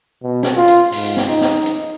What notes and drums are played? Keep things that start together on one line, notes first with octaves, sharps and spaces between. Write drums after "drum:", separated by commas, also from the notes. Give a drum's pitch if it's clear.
B2
drum: snare
F4
drum: hi-hat
G#2, drum: open hi-hat
drum: snare
D#4
drum: snare
drum: hi-hat